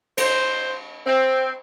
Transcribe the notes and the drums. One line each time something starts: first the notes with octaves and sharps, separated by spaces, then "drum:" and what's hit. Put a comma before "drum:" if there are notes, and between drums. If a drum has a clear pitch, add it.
C5, drum: cymbal
C4